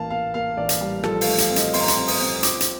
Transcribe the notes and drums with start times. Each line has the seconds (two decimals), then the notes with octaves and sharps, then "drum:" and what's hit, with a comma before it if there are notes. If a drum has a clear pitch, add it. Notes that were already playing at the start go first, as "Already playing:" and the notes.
Already playing: A1 A#3 F5 A5
0.10 A#3 F5
0.34 A#3 F5
0.57 A1 D5
0.69 drum: hi-hat
0.80 G3
1.03 F3 A4, drum: rim click
1.21 F5, drum: open hi-hat
1.27 A3
1.38 F5, drum: hi-hat
1.50 C4
1.56 D#5, drum: hi-hat
1.73 C4 C6, drum: open hi-hat
1.80 A#5
1.88 C6, drum: hi-hat
1.97 C4
2.08 D#6, drum: open hi-hat
2.20 C4
2.36 D#6
2.43 F4 D6, drum: hi-hat
2.61 drum: hi-hat